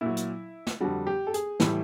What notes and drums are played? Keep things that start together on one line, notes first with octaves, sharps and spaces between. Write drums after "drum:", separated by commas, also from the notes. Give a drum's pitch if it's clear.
A#2 F#3 E4
drum: hi-hat
drum: snare
F2 D3 G3 F#4
G4
A4
G#4, drum: hi-hat
A2 E3 G3 E4, drum: snare